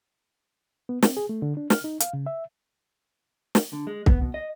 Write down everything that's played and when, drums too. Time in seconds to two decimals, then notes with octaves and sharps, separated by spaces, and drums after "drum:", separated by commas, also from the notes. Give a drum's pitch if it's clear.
0.89 B3
1.02 C4, drum: snare
1.17 G#4
1.29 A3
1.42 D3
1.57 D4
1.70 F6, drum: snare
1.84 D#4
2.00 F5, drum: hi-hat
2.13 C#3
2.26 E5
3.55 drum: snare
3.73 D3
3.87 G#3
4.06 B3, drum: kick
4.21 B2
4.34 D#5